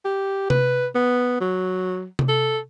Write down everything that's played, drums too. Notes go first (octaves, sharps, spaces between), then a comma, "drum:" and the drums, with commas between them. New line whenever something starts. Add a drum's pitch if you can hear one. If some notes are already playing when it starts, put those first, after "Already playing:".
G4
B4, drum: tom C3
B3
F#3
drum: tom C3
A4